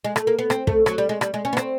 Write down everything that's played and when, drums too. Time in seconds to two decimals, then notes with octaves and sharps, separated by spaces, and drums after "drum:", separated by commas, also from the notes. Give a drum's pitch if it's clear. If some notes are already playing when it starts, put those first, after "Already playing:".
0.04 G#3
0.16 A3, drum: rim click
0.27 A#3
0.39 B3
0.50 C4, drum: rim click
0.67 A3, drum: kick
0.86 F#3, drum: rim click
0.98 G3
1.09 G#3
1.21 G3, drum: rim click
1.34 G#3
1.45 C#4
1.53 B3
1.57 C4, drum: rim click